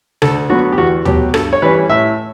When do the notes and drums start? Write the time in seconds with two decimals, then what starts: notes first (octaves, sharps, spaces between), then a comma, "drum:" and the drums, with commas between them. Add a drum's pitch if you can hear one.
0.22 D2 A4, drum: rim click
0.50 D3 F#3 B3 F#4
0.72 G4
0.78 E2 F#4
1.05 B2 F#3 G4, drum: tom
1.34 G2 A4, drum: rim click
1.53 C#5
1.62 E3 G3 C#4 B4
1.90 A2 E5